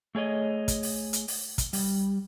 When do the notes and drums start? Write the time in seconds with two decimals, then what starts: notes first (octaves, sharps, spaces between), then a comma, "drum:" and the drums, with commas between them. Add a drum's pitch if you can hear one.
0.15 A3 G#4 C#5 D#5
0.68 drum: kick, hi-hat
0.83 drum: open hi-hat
1.13 drum: hi-hat
1.28 drum: open hi-hat
1.58 drum: kick, hi-hat
1.73 G3, drum: open hi-hat